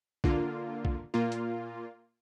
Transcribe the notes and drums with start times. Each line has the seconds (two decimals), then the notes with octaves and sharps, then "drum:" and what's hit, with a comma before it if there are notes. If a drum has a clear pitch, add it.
0.24 D3 A#3 F4, drum: kick
0.85 drum: kick
1.14 A#2 A#3 F4
1.32 drum: hi-hat